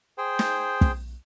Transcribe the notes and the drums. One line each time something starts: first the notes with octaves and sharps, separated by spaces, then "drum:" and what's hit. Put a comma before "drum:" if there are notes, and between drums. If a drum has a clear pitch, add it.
G#4 C5 G5
drum: snare
drum: kick